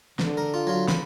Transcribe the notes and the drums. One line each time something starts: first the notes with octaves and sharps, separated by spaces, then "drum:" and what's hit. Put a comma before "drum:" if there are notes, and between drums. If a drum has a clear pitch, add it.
D3, drum: snare
A#4
F4
F#3 F4
B5, drum: snare